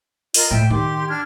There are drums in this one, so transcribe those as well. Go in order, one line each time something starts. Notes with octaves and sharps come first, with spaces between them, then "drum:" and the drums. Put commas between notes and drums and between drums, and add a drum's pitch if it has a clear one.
F4 A#4 D#5, drum: open hi-hat
A2 E5 G5
D#3 G4 C6 D6
D4 F6 G#6